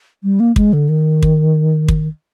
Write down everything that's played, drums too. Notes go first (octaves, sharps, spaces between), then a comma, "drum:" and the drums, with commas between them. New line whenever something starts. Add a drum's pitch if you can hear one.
G3
A#3
G#3, drum: kick
D3
D#3
drum: kick
drum: kick